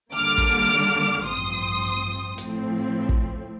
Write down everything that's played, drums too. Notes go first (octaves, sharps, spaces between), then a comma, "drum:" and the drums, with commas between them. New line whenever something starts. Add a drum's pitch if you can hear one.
D#2 D3 G3 A#3 D6 F6
drum: kick
A1 G2 F3 C4 C6 D#6
A2 F3 C4, drum: hi-hat
drum: kick